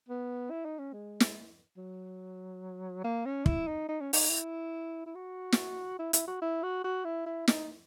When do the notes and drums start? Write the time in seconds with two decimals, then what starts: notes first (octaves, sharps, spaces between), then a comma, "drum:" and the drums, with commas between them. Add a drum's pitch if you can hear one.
0.09 B3
0.50 E4
0.65 D#4
0.79 C#4
0.93 G#3
1.20 drum: snare
1.77 F#3
3.04 A#3
3.26 C#4
3.46 E4, drum: kick
3.68 D#4
3.89 D#4
4.00 C#4
4.13 D#4, drum: open hi-hat
4.30 E4
5.06 E4
5.15 F#4
5.52 drum: snare
5.99 E4
6.13 E4, drum: hi-hat
6.28 F#4
6.42 E4
6.63 F#4
6.84 F#4
7.05 E4
7.26 E4
7.48 D#4, drum: snare